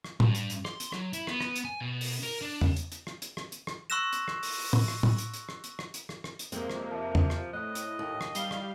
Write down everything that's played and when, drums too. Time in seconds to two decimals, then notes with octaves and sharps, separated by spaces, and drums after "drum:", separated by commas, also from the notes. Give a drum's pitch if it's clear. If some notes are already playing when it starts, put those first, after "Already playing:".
0.04 drum: rim click
0.20 G2, drum: tom A2
0.35 drum: hi-hat
0.50 drum: hi-hat
0.65 C6, drum: rim click
0.80 drum: hi-hat
0.92 F#3, drum: rim click
1.13 E4, drum: hi-hat
1.27 B3, drum: rim click
1.41 drum: rim click
1.56 drum: hi-hat
1.65 G#5
1.81 B2
2.01 drum: open hi-hat
2.23 A#4
2.41 D4
2.61 drum: tom E2
2.77 drum: hi-hat
2.92 drum: hi-hat
3.07 drum: rim click
3.22 drum: hi-hat
3.37 drum: rim click
3.52 drum: hi-hat
3.67 drum: rim click
3.90 C6 C#6 E6 F#6 A#6 E7
4.13 drum: hi-hat
4.28 drum: rim click
4.43 drum: open hi-hat
4.58 drum: open hi-hat
4.73 drum: tom A2
4.88 drum: rim click
5.03 drum: tom A2
5.18 drum: hi-hat
5.34 drum: hi-hat
5.49 drum: rim click
5.64 drum: hi-hat
5.79 drum: rim click
5.94 drum: hi-hat
6.09 drum: rim click
6.24 drum: rim click
6.39 drum: hi-hat
6.52 F2 C3 G#3 A#3 C4, drum: hi-hat
6.70 drum: rim click
6.91 F3 E5 A5
7.15 drum: tom E2
7.30 drum: rim click
7.53 A2 D#5 F#6
7.75 drum: hi-hat
7.99 D#2
8.21 drum: rim click
8.35 G3 F5 C7 G7, drum: hi-hat
8.51 drum: rim click